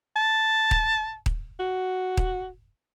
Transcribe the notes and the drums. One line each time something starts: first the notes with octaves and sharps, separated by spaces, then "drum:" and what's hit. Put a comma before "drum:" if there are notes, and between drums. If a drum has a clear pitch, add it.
A5
drum: kick D#1
drum: kick D#1
F#4
drum: kick D#1